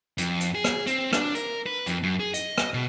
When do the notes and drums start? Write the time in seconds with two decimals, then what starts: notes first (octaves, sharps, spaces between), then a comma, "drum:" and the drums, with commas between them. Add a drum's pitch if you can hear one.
0.18 F2, drum: hi-hat
0.40 drum: hi-hat
0.55 G#4
0.64 drum: rim click
0.87 C4, drum: hi-hat
1.13 D4, drum: rim click
1.35 A#4, drum: hi-hat
1.66 B4
1.86 F2, drum: hi-hat
2.03 F#2
2.20 G#4
2.34 D#5, drum: hi-hat
2.58 drum: rim click
2.74 B2